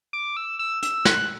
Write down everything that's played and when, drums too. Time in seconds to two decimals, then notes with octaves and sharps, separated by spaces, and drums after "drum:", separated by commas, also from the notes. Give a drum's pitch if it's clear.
0.13 D6
0.37 E6
0.59 E6
0.83 E6, drum: hi-hat
1.05 F#6, drum: snare